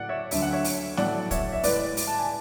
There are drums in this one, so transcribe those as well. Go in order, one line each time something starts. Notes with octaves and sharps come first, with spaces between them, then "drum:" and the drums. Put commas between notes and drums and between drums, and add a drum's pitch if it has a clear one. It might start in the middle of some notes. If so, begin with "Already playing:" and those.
Already playing: A2 F#3 A3 D5 F#5
C#5 E5
D2 D3 F#3 A3 E5, drum: open hi-hat
F#5
C#5 E5
drum: open hi-hat
A2 F#3 A3 D5 F#5, drum: snare
C#5 E5, drum: kick, hi-hat
E5
A2 E3 G#3 B4 D5, drum: open hi-hat
drum: open hi-hat
A5
G#5